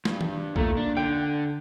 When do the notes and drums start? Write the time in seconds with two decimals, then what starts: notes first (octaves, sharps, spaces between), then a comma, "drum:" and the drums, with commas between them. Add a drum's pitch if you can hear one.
0.05 G2, drum: snare
0.21 drum: tom
0.56 A#2 A3, drum: kick B1
0.77 D4
0.97 D3 G5